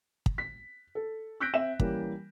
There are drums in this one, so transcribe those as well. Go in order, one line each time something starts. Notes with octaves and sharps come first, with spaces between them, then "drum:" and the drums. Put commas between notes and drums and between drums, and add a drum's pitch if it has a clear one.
drum: kick
B6
A4
E6 F#6 G6 A#6 B6 D7
C4 E5 E7
E3 G3 A#3 C#4, drum: kick